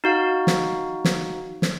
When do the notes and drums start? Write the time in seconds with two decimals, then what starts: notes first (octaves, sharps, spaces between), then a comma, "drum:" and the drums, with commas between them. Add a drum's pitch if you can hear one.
0.04 D#4 F#4 F5
0.47 drum: snare
1.05 drum: snare
1.62 drum: snare